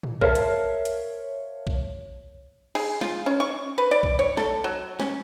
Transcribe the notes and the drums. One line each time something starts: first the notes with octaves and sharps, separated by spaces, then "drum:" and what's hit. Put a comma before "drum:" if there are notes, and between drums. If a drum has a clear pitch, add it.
drum: tom A2
A#4 C5 C#5 E5 F5 A5, drum: kick B1
drum: hi-hat
drum: hi-hat
drum: kick B1
G#4, drum: cymbal
F4, drum: snare
C#4
C#6
B4
D5
drum: kick B1
C#5
A4, drum: snare
F#3
C#4, drum: snare